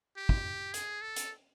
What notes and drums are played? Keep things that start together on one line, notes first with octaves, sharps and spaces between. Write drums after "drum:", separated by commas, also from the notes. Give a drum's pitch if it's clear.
G4
drum: kick
G#4, drum: hi-hat
A4
drum: hi-hat